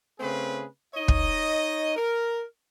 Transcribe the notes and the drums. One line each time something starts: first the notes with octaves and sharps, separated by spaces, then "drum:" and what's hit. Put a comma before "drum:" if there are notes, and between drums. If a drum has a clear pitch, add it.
C#3 A3 C4 G#4 B4
D#4 C#5 D#5
drum: kick
A#4